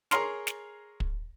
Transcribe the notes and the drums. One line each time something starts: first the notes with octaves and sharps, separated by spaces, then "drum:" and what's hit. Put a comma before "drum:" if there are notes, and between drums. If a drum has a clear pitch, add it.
G#4 A#4 C#5 A#5 C6 F6, drum: snare
drum: snare
drum: kick